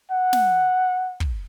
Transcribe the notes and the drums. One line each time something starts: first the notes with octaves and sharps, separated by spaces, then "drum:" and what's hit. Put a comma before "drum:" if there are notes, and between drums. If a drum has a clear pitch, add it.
F#5
drum: snare
drum: kick